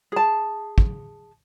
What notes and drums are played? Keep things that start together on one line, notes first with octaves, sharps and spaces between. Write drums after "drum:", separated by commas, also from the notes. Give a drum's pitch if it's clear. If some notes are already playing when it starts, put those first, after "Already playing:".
G#4 A5
drum: kick